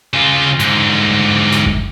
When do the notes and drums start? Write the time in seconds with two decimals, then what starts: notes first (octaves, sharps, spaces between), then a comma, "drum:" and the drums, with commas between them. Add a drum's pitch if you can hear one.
0.13 C#3 F4
0.60 G#2 D3, drum: hi-hat
1.52 drum: snare
1.66 drum: kick F#1